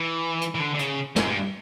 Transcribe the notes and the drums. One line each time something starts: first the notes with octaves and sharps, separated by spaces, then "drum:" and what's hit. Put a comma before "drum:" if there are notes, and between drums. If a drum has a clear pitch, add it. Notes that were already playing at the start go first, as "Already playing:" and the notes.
Already playing: E3
drum: hi-hat
E3
D3
D3
C#3, drum: hi-hat
F#2, drum: snare
G2